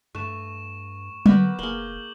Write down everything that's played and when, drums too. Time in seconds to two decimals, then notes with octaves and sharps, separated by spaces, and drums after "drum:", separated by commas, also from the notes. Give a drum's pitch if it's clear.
0.15 G2 A3 C#6 E7
1.26 D3 B3 A#4 B5 D6 G6, drum: tom F#3
1.59 F1 A#3 G#4 F#7 G7